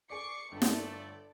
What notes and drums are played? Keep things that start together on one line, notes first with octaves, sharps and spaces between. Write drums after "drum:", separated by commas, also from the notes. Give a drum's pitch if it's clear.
G#4 D5 C#6 D6 C7 C#7
G1 A3 A4 D5
drum: snare